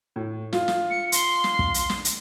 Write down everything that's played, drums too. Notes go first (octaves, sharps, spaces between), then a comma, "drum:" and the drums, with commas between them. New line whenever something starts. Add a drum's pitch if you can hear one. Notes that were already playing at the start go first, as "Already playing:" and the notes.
A2
F4, drum: snare
drum: snare
C#7
C6, drum: hi-hat
drum: snare
drum: kick
drum: hi-hat
drum: snare
drum: hi-hat